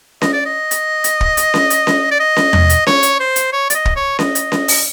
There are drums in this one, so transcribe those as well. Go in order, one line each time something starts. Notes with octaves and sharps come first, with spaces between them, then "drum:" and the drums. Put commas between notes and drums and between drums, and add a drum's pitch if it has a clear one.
D#5, drum: snare C#4
D5
D#5
drum: hi-hat
drum: hi-hat
drum: kick
drum: hi-hat
drum: snare C#4
drum: hi-hat
drum: snare C#4
D5
D#5
drum: snare C#4
drum: tom E2
drum: hi-hat
C#5, drum: snare C#4
drum: hi-hat
C5
drum: hi-hat
C#5
D5, drum: hi-hat
D#5
drum: kick
C#5
D#5, drum: snare C#4
drum: hi-hat
drum: snare C#4
drum: open hi-hat